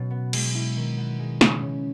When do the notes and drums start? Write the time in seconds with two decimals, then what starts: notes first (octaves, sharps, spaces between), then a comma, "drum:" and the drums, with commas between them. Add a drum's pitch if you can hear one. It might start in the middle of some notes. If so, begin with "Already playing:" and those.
Already playing: B2 F#3
0.11 B3
0.33 G#3, drum: cymbal
0.55 E4
0.76 D#3
0.97 B3
1.19 G#3
1.41 C#3, drum: snare
1.62 C#3